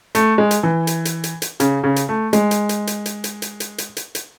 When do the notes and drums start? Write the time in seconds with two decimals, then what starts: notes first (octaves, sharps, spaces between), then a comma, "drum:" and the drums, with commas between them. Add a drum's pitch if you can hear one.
0.15 A3, drum: hi-hat
0.38 G#3
0.51 drum: hi-hat
0.63 E3
0.87 drum: hi-hat
1.05 drum: hi-hat
1.24 drum: hi-hat
1.42 drum: hi-hat
1.60 C#3, drum: hi-hat
1.84 C#3
1.96 drum: hi-hat
2.09 A3
2.33 G#3, drum: hi-hat
2.51 drum: hi-hat
2.69 drum: hi-hat
2.87 drum: hi-hat
3.06 drum: hi-hat
3.24 drum: hi-hat
3.42 drum: hi-hat
3.60 drum: hi-hat
3.78 drum: hi-hat
3.97 drum: hi-hat
4.15 drum: hi-hat